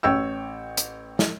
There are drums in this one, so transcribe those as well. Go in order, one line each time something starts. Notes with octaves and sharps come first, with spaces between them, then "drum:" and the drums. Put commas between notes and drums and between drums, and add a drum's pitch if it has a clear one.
A1 C#5 G5 E6
drum: hi-hat
drum: snare